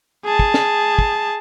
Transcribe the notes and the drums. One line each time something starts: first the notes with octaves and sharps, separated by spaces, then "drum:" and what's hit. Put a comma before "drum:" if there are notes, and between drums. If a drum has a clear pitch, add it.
G#4 A5
drum: kick
drum: snare
drum: kick